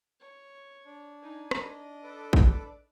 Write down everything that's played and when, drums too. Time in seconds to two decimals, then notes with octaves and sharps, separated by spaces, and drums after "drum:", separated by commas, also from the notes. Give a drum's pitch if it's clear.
0.20 C#5
0.86 D4
1.22 D#4 G#5
1.51 A#4 D#5 A#5 B5, drum: rim click
2.03 A4 B4 D6
2.33 drum: kick